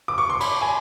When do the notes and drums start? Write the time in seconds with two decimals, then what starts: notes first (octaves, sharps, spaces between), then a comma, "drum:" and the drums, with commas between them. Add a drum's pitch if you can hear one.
0.08 D6
0.18 C#6
0.30 C6
0.40 B5, drum: cymbal
0.61 G#5